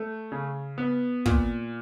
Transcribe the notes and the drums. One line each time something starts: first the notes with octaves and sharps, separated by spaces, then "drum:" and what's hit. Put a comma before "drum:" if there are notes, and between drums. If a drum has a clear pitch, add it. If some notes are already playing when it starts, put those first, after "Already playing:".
Already playing: A3
C#3
B3
A#2, drum: kick